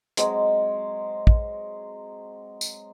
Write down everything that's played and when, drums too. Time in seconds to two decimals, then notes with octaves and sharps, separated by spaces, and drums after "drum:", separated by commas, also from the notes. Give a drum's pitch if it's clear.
0.17 F#3 G#3 C4, drum: hi-hat
1.27 drum: kick
2.61 drum: tambourine